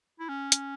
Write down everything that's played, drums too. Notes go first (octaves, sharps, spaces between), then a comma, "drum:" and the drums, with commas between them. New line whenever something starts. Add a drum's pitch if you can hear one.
E4
C#4
drum: hi-hat